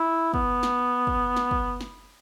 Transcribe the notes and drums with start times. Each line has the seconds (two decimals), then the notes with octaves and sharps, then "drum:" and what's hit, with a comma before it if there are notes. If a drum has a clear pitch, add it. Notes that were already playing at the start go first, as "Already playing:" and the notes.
Already playing: E4
0.34 B3, drum: kick
0.63 drum: snare
1.07 drum: kick
1.36 drum: snare
1.51 drum: kick
1.81 drum: snare